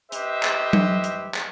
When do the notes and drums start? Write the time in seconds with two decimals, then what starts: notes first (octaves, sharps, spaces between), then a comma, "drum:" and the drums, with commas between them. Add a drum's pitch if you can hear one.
0.12 G4 B4 C5 D#5 E5, drum: hi-hat
0.43 drum: clap
0.73 drum: tom F#3
1.04 drum: hi-hat
1.34 drum: clap